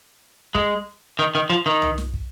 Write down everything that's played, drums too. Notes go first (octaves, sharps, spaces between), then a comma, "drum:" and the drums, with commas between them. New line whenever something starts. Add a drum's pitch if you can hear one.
G#3, drum: kick
D#3
D#3
F3
D#3
drum: tom
drum: snare
drum: kick